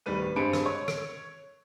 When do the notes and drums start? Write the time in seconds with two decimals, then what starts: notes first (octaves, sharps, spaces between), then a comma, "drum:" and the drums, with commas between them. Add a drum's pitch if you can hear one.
0.06 D1 D#3 G3 B4 D#7
0.36 G2 G#3 C4 B5 C#7 D7
0.53 drum: rim click
0.66 C#5 C#6
0.88 drum: rim click